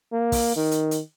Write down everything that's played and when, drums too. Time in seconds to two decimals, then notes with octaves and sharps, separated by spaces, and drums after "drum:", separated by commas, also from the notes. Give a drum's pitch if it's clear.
0.12 A#3
0.32 drum: kick, open hi-hat
0.56 D#3
0.71 drum: hi-hat
0.91 drum: hi-hat